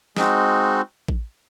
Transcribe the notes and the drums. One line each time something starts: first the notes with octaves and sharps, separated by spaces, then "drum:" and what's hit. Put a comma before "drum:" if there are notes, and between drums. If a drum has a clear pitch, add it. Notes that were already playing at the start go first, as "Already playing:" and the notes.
G#3 C4 D#4 F#4, drum: snare
drum: kick A1